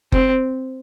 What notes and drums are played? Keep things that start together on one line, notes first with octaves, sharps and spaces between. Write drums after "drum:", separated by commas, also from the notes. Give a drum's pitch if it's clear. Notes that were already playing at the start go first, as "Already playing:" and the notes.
C4, drum: kick F#1